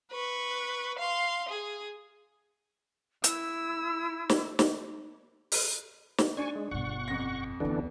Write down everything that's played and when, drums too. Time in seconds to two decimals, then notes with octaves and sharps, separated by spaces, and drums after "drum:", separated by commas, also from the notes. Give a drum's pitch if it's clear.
0.11 B4 C#6
0.98 F5 C6
1.49 G#4
3.24 E4 E6, drum: hi-hat
4.29 drum: snare
4.59 drum: snare
5.52 drum: open hi-hat
6.18 drum: snare
6.37 D4 G#5 C#6
6.56 G#3
6.71 G1 B2 F#5 C#6
7.08 F2 A#6
7.60 D2 D3 E3 B3 D4